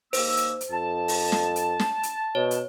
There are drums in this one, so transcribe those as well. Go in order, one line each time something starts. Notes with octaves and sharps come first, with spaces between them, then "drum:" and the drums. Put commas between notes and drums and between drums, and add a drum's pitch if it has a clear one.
D#2 A#3 C5 E6, drum: open hi-hat
drum: hi-hat
drum: hi-hat
F2 A5
drum: open hi-hat
drum: snare
drum: hi-hat
drum: snare
drum: hi-hat
B2 C#5
drum: hi-hat